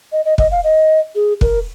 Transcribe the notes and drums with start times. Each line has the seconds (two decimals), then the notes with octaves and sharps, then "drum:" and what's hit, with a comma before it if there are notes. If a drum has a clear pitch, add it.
0.12 D#5
0.25 D#5
0.38 D#5, drum: kick
0.51 F5
0.64 D#5
1.15 G#4
1.41 A#4, drum: kick